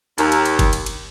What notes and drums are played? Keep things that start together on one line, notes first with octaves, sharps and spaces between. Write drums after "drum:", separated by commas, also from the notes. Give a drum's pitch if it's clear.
D#2, drum: cymbal
drum: cymbal
drum: cymbal
drum: kick F#1, cymbal
drum: cymbal
drum: cymbal